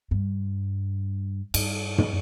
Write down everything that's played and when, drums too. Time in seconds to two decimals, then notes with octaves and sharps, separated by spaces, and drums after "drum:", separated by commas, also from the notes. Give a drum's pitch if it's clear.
0.11 G2
1.54 G2, drum: cymbal
1.98 drum: tom